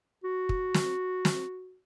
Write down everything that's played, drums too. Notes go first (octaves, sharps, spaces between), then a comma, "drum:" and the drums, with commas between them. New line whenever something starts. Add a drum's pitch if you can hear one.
F#4
drum: kick
drum: snare
drum: snare